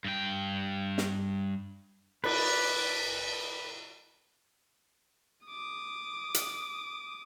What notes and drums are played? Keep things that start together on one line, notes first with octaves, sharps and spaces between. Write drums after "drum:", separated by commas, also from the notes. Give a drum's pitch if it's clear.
G2 G5
drum: snare
B4 D5, drum: cymbal
D6 D#6
drum: hi-hat